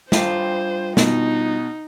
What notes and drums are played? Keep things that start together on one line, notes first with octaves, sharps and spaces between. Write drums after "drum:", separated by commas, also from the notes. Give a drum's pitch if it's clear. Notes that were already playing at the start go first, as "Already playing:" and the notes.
G2 F4 G4 C5, drum: snare
B2 D#4, drum: snare